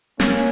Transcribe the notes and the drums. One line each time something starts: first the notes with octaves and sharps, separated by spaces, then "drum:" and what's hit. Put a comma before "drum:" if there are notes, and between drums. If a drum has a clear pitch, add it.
A#3 C#4, drum: snare